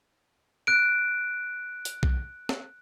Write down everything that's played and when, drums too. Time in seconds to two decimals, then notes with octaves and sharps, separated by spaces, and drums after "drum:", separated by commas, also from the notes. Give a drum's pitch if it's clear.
0.67 F#6 D7
1.85 drum: hi-hat
2.03 drum: kick B1
2.49 drum: snare